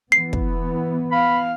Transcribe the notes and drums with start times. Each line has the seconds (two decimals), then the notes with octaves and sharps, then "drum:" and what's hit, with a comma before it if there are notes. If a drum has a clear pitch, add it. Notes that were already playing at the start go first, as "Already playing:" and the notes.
0.12 E3 B3 C7
0.33 drum: kick
1.11 F5 B5